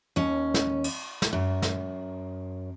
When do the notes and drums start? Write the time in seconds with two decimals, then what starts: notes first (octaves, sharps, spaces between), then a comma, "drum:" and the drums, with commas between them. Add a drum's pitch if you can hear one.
0.16 D#2 C#4
0.54 drum: snare
0.84 drum: cymbal
1.22 drum: snare
1.33 F#2
1.62 drum: snare